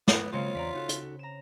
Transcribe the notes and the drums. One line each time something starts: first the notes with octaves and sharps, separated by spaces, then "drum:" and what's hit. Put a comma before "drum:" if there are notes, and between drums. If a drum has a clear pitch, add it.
B3, drum: snare
C#3 F#3 G#3 A#3 C4 F4 C#7
E2 D5 A#5 B6
D#4 F#4 A4
drum: hi-hat
A#5 E7